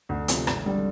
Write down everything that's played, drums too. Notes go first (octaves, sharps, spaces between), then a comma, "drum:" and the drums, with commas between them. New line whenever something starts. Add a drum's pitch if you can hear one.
D2
C3 F3, drum: hi-hat
G#1, drum: rim click
D3 G3